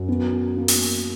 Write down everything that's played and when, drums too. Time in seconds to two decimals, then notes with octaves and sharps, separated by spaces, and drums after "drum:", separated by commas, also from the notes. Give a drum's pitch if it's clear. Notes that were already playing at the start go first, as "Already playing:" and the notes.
Already playing: F#2
0.08 B3
0.57 A#3
0.68 drum: open hi-hat